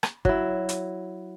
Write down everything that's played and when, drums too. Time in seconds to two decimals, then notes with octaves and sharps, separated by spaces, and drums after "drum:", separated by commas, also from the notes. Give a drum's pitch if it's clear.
0.03 drum: rim click
0.25 F#3 E4, drum: kick
0.69 drum: hi-hat